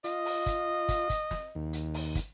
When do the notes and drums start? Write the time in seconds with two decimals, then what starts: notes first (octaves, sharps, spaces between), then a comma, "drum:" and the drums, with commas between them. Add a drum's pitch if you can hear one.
0.04 F4 D#5, drum: hi-hat
0.25 drum: open hi-hat
0.46 drum: kick, hi-hat
0.89 drum: kick, hi-hat
1.10 drum: kick, hi-hat
1.31 drum: snare
1.55 D#2
1.73 drum: hi-hat
1.94 drum: open hi-hat
2.15 drum: kick, hi-hat